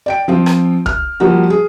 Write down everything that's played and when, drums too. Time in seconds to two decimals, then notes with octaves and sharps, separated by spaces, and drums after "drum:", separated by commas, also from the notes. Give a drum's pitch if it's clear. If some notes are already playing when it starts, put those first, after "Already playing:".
0.06 D5 G5 D7
0.28 F3 C4 F4
0.46 drum: rim click
0.86 F6, drum: kick
1.20 F3 G3 A#3 F#4
1.50 G#4